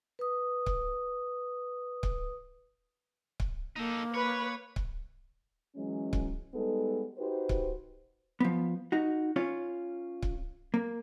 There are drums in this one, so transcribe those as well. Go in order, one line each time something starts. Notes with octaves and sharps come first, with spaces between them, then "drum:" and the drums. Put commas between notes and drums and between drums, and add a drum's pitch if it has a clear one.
B4 D#6
drum: kick C#1
drum: kick C#1
drum: kick C#1
A#3 D#4 A4
B4 C#5
drum: kick C#1
E3 F#3 G#3 C#4
drum: kick C#1
G3 G#3 B3 D#4 A4
D#4 F#4 G4 B4 C5
drum: kick C#1
F3 B3
D#4 F#4
C#4 F4 C#5
drum: kick C#1
A#3